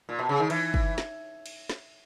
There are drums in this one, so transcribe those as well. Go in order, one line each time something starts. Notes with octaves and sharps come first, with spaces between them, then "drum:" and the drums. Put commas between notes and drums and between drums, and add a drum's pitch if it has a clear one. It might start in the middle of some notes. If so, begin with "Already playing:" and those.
A#2
B2
C#3
D#3
E3, drum: cymbal
drum: kick
drum: snare
drum: cymbal
drum: snare